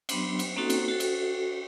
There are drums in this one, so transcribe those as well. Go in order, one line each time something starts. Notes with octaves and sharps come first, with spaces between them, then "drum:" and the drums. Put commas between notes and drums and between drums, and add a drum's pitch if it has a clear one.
F#3 B3 D4 C6, drum: cymbal
drum: cymbal
A#3 C4 C#4 D#4 F#4 A4
drum: cymbal
F#4 A4
drum: cymbal